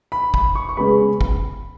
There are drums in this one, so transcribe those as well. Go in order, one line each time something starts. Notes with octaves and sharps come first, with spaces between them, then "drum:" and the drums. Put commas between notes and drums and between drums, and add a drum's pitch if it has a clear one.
B5
B5, drum: kick
C#6
C#6
C#3 G#3 B3 G#4 B4 B5
drum: kick